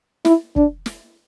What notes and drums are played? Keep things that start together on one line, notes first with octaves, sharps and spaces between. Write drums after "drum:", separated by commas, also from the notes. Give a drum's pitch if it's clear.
E4, drum: snare
D4, drum: kick
drum: snare